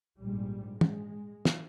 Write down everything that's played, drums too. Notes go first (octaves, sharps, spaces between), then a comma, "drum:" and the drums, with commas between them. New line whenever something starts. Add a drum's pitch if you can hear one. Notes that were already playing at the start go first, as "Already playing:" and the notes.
A#1 G#2 G3
G#3, drum: tom
drum: snare